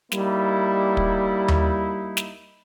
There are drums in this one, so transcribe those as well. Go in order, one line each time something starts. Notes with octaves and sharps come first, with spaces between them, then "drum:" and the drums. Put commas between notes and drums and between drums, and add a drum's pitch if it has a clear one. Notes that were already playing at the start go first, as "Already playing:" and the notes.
G3 A#3 D#4 E4, drum: snare
drum: kick
drum: tom D#2
drum: snare